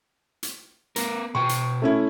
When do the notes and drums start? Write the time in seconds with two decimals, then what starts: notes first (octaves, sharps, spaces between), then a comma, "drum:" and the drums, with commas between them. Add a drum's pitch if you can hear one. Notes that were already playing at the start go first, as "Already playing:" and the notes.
0.43 drum: hi-hat
0.96 B3 A#4, drum: hi-hat
1.35 B2 G5 C#6
1.49 drum: hi-hat
1.82 A3 C#4 E4